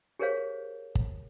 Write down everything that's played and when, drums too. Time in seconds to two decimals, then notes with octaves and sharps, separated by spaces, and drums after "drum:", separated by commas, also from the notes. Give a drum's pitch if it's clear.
0.19 G4 G#4 A#4 C5 C#5 F5
0.95 drum: kick